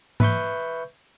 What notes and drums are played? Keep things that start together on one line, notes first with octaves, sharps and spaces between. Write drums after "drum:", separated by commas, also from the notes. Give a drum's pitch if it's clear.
B4 E5 C#6 G6, drum: tom G#2